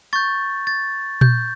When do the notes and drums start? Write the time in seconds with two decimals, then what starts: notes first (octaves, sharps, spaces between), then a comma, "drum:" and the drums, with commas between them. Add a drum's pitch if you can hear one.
0.13 C#6 G6 A6
0.67 A6
1.21 G6, drum: tom A#2